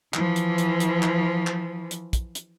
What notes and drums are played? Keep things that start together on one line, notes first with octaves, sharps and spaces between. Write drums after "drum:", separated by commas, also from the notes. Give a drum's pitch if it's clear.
E3 F3, drum: clap
drum: hi-hat
drum: hi-hat
drum: hi-hat
drum: clap
drum: clap
drum: hi-hat
drum: kick, hi-hat
drum: hi-hat